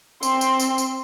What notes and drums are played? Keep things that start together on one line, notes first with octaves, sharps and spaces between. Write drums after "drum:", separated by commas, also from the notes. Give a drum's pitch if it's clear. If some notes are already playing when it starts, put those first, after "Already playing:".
C4 C6, drum: tambourine
drum: tambourine
drum: tambourine
drum: tambourine